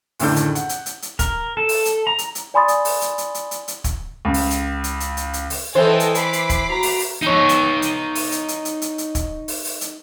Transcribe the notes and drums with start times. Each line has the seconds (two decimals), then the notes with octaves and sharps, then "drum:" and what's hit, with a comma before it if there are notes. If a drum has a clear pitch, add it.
0.19 F#1 A2 D3 D#3 D5 G6, drum: open hi-hat
0.36 drum: hi-hat
0.55 F#5, drum: hi-hat
0.69 drum: hi-hat
0.86 drum: hi-hat
1.02 drum: hi-hat
1.19 A#4, drum: kick, hi-hat
1.57 A4
1.69 drum: open hi-hat
1.85 drum: hi-hat
2.07 A#5
2.18 drum: hi-hat
2.35 drum: hi-hat
2.54 D5 G#5 B5 C6 D#6 A6
2.68 drum: hi-hat
2.85 drum: open hi-hat
3.01 drum: hi-hat
3.18 drum: hi-hat
3.35 drum: hi-hat
3.51 drum: hi-hat
3.68 drum: hi-hat
3.84 drum: kick, hi-hat
4.25 C#2
4.34 drum: open hi-hat
4.51 drum: hi-hat
4.84 drum: hi-hat
5.00 drum: hi-hat
5.17 drum: hi-hat
5.33 drum: hi-hat
5.50 drum: open hi-hat
5.75 E3 A4 C5 D#5 G5
6.00 drum: hi-hat
6.15 B5 D6 C7, drum: hi-hat
6.33 drum: hi-hat
6.50 drum: kick, hi-hat
6.68 F#4 A#5
6.83 drum: open hi-hat
6.99 drum: open hi-hat
7.22 D#4 C#5
7.49 drum: hi-hat
7.82 drum: hi-hat
8.15 drum: open hi-hat
8.32 drum: hi-hat
8.48 drum: hi-hat
8.65 drum: hi-hat
8.82 drum: hi-hat
8.98 drum: hi-hat
9.15 drum: kick, hi-hat
9.48 drum: open hi-hat
9.65 drum: open hi-hat
9.81 drum: hi-hat